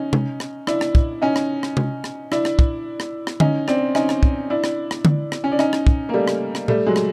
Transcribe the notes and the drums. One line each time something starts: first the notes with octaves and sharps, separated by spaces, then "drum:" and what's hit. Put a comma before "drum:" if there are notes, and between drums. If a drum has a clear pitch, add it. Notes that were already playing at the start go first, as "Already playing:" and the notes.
Already playing: C#4 D#4
drum: tom C3
drum: rim click
D4 E4, drum: rim click
drum: rim click
drum: kick
C#4 D#4
drum: rim click
drum: rim click
drum: tom C3
drum: rim click
D4 E4, drum: rim click
drum: rim click
drum: kick
drum: rim click
drum: rim click
C#4 D#4, drum: tom D3
C4 D4, drum: rim click
C#4 D#4, drum: rim click
drum: rim click
drum: kick
D4 E4
drum: rim click
drum: rim click
drum: tom D3
drum: rim click
C#4
D4
C#4 D#4, drum: rim click
drum: rim click
drum: kick
A#3
G3 A3
drum: rim click
drum: rim click
G3 A3, drum: tom A#2
F#3 G#3
drum: rim click